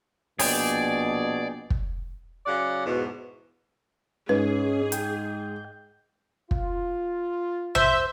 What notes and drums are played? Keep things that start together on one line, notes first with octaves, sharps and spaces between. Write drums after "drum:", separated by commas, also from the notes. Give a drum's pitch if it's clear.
A#1 B2 G#4 D5 G5, drum: open hi-hat
drum: kick
C#3 F#3 D5 F#5
E2 G#2 B2
G#2 C#4 G#4 B4
G5, drum: hi-hat
F4, drum: kick
C5 E5, drum: tom A#1